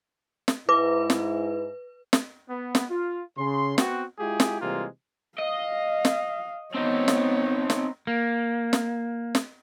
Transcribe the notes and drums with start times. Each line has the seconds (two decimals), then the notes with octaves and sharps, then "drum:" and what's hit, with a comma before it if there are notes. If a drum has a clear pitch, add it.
0.48 drum: snare
0.69 G#2 E4 B4 D6
1.10 drum: snare
2.13 drum: snare
2.49 B3
2.75 drum: snare
2.89 F4
3.38 C#3 C6
3.78 B3 C4 F#4, drum: snare
4.19 G#3 E4 F4 G4 G#4
4.40 drum: snare
4.61 C3 E3 G3 G#3 A#3 F4
5.39 D#5 F5
6.05 drum: snare
6.74 B3 C4 D#4 C#5
7.08 drum: snare
7.70 drum: snare
8.07 A#3
8.73 drum: snare
9.35 drum: snare